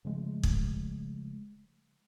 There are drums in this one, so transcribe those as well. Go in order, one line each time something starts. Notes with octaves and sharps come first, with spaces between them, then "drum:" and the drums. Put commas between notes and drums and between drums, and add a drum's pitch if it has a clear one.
C#3 F3 G#3 A3
drum: kick